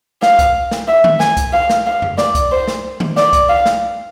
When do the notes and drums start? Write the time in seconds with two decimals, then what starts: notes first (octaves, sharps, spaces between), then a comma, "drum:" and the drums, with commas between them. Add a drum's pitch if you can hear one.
0.22 F5, drum: snare
0.39 drum: kick C2, hi-hat
0.71 drum: snare
0.88 E5
1.04 drum: tom D#3
1.20 G#5, drum: snare
1.37 drum: kick C2, hi-hat
1.53 F5
1.69 drum: snare
1.86 F5
2.02 drum: tom F2
2.18 D5, drum: snare
2.35 drum: kick C2, hi-hat
2.52 C5
2.68 drum: snare
3.00 drum: tom D#3
3.17 D5, drum: snare
3.33 drum: kick C2, hi-hat
3.49 F5
3.66 drum: snare